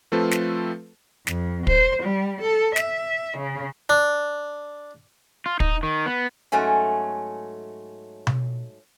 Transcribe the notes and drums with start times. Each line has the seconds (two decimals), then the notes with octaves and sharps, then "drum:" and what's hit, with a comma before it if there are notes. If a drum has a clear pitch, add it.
0.12 F3 A3 C4 F4 A4 B4
0.31 drum: snare
1.27 F2, drum: snare
1.67 C5, drum: kick
2.03 G3
2.41 A4
2.76 E5, drum: snare
3.38 C#3
3.89 D4
5.46 F4
5.60 D#4, drum: kick
5.83 D#3
6.06 B3
6.52 G#2 F#3 A3 C#4 G#5
8.27 drum: tom B2